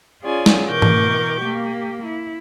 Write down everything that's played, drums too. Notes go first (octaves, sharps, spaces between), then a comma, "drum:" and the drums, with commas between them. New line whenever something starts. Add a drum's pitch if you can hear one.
C#4 F4 G#4 C#5 D5 G#5
drum: snare
B2 E3 A#4 C#6 D6 G6
drum: tom
A#3 G4
E4